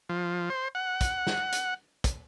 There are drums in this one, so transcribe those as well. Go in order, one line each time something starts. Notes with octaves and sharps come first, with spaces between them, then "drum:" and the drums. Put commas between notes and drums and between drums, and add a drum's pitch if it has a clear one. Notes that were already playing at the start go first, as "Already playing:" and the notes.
F3
C5
F#5
drum: kick, hi-hat
drum: snare
drum: hi-hat
drum: kick, hi-hat